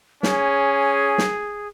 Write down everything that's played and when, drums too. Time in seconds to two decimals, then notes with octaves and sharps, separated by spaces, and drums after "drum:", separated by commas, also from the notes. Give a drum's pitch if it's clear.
0.23 C#4 G#4, drum: snare
1.18 drum: snare